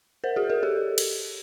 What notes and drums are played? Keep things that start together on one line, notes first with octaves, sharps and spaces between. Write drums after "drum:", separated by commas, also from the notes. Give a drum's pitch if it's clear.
A#4 C5
F#4 G#4
G#4 A#4
G4 A4
drum: cymbal